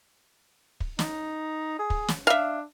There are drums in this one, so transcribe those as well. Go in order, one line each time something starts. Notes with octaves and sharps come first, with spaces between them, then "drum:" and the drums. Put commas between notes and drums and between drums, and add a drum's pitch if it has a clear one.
drum: kick
D#4, drum: snare
G#4
drum: kick
drum: snare
D4 E5 F5